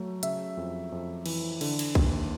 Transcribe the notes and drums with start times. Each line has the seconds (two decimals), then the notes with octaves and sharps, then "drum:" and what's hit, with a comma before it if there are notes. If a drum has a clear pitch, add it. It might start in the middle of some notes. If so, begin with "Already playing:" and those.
Already playing: F#3 A3
0.23 C#3 E5, drum: hi-hat
0.57 F2
0.92 F2
1.26 E3, drum: cymbal
1.61 D3, drum: cymbal
1.79 drum: cymbal
1.95 D#2, drum: kick B1